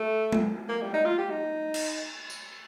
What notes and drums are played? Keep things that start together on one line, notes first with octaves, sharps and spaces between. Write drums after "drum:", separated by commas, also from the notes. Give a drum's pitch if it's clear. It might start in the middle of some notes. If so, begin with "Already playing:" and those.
Already playing: A3
drum: tom G#3
A#3
G3
D#4
F4
G4
D#4
drum: cymbal
drum: tambourine